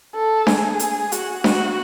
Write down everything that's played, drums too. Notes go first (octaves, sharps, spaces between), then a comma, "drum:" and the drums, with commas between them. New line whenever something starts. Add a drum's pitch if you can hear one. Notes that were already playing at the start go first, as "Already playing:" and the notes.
A4
G#4, drum: snare D4
drum: hi-hat
F#4, drum: hi-hat
F#4, drum: snare D4